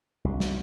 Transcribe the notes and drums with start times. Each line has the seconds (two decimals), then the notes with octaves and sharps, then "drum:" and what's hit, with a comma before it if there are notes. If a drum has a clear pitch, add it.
0.25 C2
0.40 drum: snare